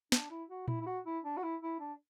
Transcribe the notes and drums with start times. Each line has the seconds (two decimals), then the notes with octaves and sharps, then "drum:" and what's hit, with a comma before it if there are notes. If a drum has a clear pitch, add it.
0.12 D4, drum: snare
0.30 E4
0.50 F#4
0.68 E4, drum: tom A#2
0.81 E4
0.86 F#4
1.06 E4
1.24 D4
1.37 F#4
1.43 E4
1.62 E4
1.80 D4